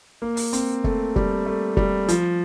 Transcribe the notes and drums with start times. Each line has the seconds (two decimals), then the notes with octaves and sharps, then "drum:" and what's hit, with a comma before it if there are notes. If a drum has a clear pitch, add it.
0.22 A#3
0.37 drum: open hi-hat
0.53 C4, drum: hi-hat
0.84 A3, drum: kick
1.16 G3, drum: kick
1.46 A3
1.77 G3, drum: kick
2.08 F3, drum: hi-hat